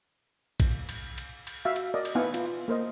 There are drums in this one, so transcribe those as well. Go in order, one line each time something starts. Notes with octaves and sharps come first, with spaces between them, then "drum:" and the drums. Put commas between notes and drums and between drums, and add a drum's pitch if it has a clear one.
drum: kick, cymbal
drum: cymbal
drum: cymbal
drum: cymbal
F#4 E5 F5
drum: cymbal
A#4 D5 D#5
drum: cymbal
B3 D#4 E4 F5 F#5 G#5
F4, drum: cymbal
A#3 A#4 C5 D#5